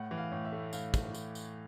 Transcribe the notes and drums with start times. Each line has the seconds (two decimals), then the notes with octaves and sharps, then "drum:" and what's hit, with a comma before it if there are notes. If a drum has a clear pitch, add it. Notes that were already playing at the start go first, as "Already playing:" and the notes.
Already playing: A2 F#5
0.11 E3
0.18 F5
0.32 A2
0.45 E5
0.52 A3
0.73 A2 F5, drum: tambourine
0.94 drum: kick, tambourine
1.15 drum: tambourine
1.35 drum: tambourine